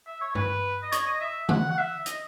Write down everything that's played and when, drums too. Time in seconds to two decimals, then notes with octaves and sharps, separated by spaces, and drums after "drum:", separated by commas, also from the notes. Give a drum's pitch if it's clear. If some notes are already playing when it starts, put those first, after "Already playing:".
0.07 E5
0.21 C#5
0.35 B4, drum: tom G2
0.83 D#5
0.92 C#5, drum: hi-hat
1.07 D#5
1.21 E5
1.49 F#5, drum: tom D3
1.70 F#5
1.78 E5
2.06 D#5, drum: hi-hat